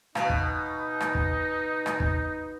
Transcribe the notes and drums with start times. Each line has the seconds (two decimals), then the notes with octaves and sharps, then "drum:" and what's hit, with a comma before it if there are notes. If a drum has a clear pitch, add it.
0.15 B2 D#4 F5, drum: rim click
0.29 drum: kick
1.01 drum: rim click
1.15 drum: kick
1.86 drum: rim click
2.00 drum: kick